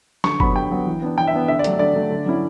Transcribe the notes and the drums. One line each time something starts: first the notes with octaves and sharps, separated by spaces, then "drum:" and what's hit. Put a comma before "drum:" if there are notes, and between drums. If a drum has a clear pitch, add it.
D3 C#6, drum: snare
F#3 B3 B5, drum: kick F#1
D3 G5
F#3 B3
E3
B3 D4
E3 G5
E5
B3 D4
D3 E5
D5
F#3 A3 D4, drum: hi-hat
D3 D5
F#3 A3 D4
D3
F#3 C#4 E4